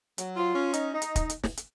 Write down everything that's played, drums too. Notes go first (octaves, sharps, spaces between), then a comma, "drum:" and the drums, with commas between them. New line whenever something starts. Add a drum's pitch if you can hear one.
F#3, drum: hi-hat
F4
C#4
D#4, drum: hi-hat
D#4
drum: hi-hat
drum: kick, hi-hat
drum: hi-hat
drum: snare
drum: hi-hat